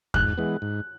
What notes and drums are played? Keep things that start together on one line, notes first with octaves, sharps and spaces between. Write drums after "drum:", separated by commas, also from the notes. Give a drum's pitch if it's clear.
G#2 F#6, drum: kick E2
E3 G#3 B3
G#2